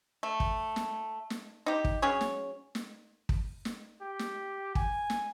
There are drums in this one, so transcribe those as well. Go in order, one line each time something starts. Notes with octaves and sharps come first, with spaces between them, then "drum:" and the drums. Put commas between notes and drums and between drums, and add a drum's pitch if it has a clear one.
A3
drum: kick
drum: snare
drum: snare
D#4 G4
drum: kick
F#3 C#4 G#4 C#5
drum: snare
drum: snare
drum: kick
drum: snare
G4
drum: snare
G#5, drum: kick
drum: snare